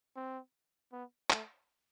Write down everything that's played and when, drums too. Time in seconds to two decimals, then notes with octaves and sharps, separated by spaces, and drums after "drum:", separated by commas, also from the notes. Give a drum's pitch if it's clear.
0.16 C4
0.92 B3
1.30 A3, drum: clap